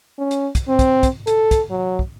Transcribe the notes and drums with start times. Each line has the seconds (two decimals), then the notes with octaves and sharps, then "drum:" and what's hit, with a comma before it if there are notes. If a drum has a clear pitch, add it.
0.18 C#4
0.31 drum: hi-hat
0.55 drum: kick, hi-hat
0.68 C4
0.79 drum: kick, hi-hat
1.03 drum: kick, hi-hat
1.27 A4, drum: hi-hat
1.51 drum: kick, hi-hat
1.70 F#3
1.99 drum: kick